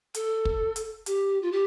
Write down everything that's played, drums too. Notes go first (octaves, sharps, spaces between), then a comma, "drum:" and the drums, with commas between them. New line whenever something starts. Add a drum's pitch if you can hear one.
A4, drum: hi-hat
drum: kick
drum: hi-hat
G4, drum: hi-hat
F4
G4